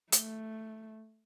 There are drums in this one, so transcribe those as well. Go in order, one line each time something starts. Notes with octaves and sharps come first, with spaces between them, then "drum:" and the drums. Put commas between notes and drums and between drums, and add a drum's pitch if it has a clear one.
A3, drum: hi-hat